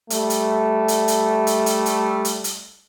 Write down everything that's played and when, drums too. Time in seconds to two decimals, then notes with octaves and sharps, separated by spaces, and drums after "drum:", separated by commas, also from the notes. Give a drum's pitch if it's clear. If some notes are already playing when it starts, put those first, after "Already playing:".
0.10 G3 A3, drum: hi-hat
0.30 drum: hi-hat
0.88 drum: hi-hat
1.08 drum: hi-hat
1.47 drum: hi-hat
1.66 drum: hi-hat
1.86 drum: hi-hat
2.25 drum: hi-hat
2.44 drum: hi-hat